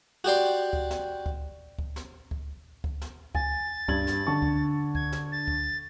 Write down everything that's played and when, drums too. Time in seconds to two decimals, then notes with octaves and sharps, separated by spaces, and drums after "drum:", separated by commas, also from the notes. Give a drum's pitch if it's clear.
0.24 F#4 G4 D5 C6
0.73 drum: kick C#2
0.91 drum: snare
1.26 drum: kick C#2
1.79 drum: kick C#2
1.96 drum: snare
2.31 drum: kick C#2
2.84 drum: kick C#2
3.02 drum: snare
3.35 G#5 A6, drum: kick C#2
3.88 G2 G#6 F#7, drum: kick C#2
4.07 drum: snare
4.27 D3 A5 C#6
4.42 drum: kick C#2
4.95 G#6, drum: kick C#2
5.12 drum: snare
5.32 A6
5.48 drum: kick C#2